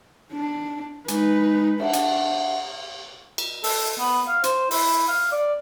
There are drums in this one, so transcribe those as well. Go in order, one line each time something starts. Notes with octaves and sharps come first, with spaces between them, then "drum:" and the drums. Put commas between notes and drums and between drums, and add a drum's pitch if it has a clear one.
D4
G#3 D#4 B4, drum: hi-hat
D4 E5 F#5, drum: cymbal
drum: hi-hat
drum: cymbal
A4, drum: open hi-hat
B3
F5
C5, drum: hi-hat
E4, drum: open hi-hat
F5
D5